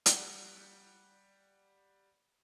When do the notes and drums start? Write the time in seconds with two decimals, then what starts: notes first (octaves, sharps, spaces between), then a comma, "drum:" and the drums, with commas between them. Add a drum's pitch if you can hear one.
0.06 G3 F#5 G5, drum: hi-hat